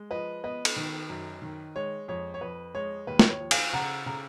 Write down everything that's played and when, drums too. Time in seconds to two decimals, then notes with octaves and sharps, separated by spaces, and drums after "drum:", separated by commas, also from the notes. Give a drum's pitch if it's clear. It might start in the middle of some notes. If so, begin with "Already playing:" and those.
Already playing: G#3
0.11 F3 B4 D#5
0.44 B3 B4 D#5
0.65 drum: cymbal
0.76 D#3
1.09 F#2
1.42 D#3
1.76 G#3 C#5
2.08 F2 C#5
2.34 C#5
2.41 F2 B4
2.75 G#3 C#5
3.07 D#2 B4
3.19 drum: snare
3.29 C#5
3.40 F3
3.51 F5 G#5, drum: cymbal
3.73 C#3 F#5 A#5
4.06 C#3 A#5